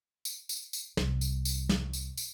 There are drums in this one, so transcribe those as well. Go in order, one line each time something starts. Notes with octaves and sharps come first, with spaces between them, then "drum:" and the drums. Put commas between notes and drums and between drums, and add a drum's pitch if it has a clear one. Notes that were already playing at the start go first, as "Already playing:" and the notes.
drum: tambourine
drum: tambourine
drum: tambourine
C2, drum: snare
drum: tambourine
drum: tambourine
drum: snare
drum: tambourine
drum: tambourine